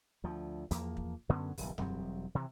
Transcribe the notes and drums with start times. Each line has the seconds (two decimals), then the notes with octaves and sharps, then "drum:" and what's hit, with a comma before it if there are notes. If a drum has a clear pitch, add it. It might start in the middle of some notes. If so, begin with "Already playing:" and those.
0.24 D2 F3
0.71 E2 F3 A#3, drum: hi-hat
0.97 drum: kick
1.29 F#2 D3 B3 C#4
1.58 D#1 B1 C#3, drum: open hi-hat
1.78 E1 F#3 G3 C4, drum: tom F#2
2.35 C3 E3